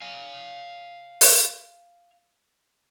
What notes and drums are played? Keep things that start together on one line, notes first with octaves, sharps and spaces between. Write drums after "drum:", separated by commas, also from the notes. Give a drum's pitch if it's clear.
F5 G#5
drum: open hi-hat